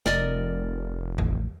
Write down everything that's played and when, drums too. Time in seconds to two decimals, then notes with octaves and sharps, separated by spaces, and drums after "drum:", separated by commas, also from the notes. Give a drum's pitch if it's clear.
0.06 F1 A#4 D5 D#5, drum: snare
1.18 A1, drum: tom E2